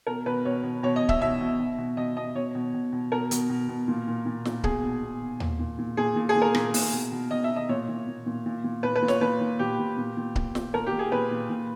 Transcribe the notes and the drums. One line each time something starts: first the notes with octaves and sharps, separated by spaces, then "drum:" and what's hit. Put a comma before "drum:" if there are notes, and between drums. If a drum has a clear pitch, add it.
B2 A#4
B2 B4
B2 C#5
B2
B2 C#5
D#5
B2
E5, drum: kick C#1
B2 E5
B2
B2
B2
B2 D#5
B2 D#5
B2 C#5
B2
B2
B2
B2 A#4
B2, drum: hi-hat
B2
B2
A#2
A#2
A#2
A#2, drum: snare
B2 G#4, drum: kick C#1
B2
B2
B2
A#2, drum: tom D#2
A#2
A#2
A#2 G#4
A#2
G#4
A#2
A#4
A#2, drum: rim click
A#2, drum: open hi-hat
B2
B2
B2 D#5
E5
B2
D#5
A#2 C#5
A#2
A#2
A#2
A#2
A#2
A#2 B4
B4
A#2
C#5, drum: snare
A#2 B4
A#2
A#2 G4
A#2
A#2
A#2
A#2, drum: kick C#1
A#2, drum: snare
A#2 A#4
G4
A#2
G#4
A#2 B4
A#2
A#2